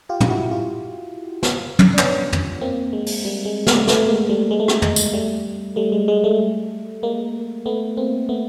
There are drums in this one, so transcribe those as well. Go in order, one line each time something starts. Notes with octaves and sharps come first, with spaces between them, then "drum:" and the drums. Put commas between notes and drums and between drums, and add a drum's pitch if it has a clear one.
F4 G4
drum: tom
E4 F#4
F4 G4
drum: snare
drum: tom
D4
B3 C#4, drum: clap
drum: tom
A#3 C4
G#3
drum: open hi-hat
G3
G#3
G3 A3, drum: snare
A3 B3, drum: snare
G#3 A#3
G3 A3
G#3
A3
G#3, drum: rim click
G#3, drum: tom
drum: tambourine
G3 A3
G3 A3
G#3
G#3
G3 A3
G#3 A#3
A3 B3
A#3 C4
A3 B3